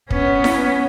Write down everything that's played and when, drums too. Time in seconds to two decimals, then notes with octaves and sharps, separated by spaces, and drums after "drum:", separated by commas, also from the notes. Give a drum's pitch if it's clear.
0.10 B3 C#4, drum: kick
0.44 drum: snare E4